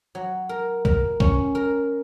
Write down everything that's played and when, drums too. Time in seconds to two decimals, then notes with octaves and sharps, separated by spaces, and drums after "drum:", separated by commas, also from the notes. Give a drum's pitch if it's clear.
0.15 F#3
0.49 A#4
0.85 A#4, drum: kick
1.20 C#4, drum: kick
1.55 A#4